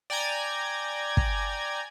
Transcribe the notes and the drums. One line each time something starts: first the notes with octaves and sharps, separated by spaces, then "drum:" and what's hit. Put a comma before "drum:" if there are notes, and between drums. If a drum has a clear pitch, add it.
D5 G5 G#5 A#5 G#6
drum: kick